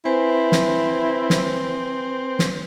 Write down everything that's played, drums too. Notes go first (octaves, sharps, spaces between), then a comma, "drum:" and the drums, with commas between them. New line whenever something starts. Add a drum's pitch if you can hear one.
C4 E4 B4 C5 G#5
drum: snare
drum: snare
drum: snare